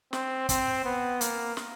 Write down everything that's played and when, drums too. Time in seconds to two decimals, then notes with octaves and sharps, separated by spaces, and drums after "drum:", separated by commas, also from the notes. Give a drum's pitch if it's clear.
0.13 C4, drum: snare
0.49 C4, drum: kick, hi-hat
0.85 B3
1.21 A#3, drum: hi-hat
1.57 drum: snare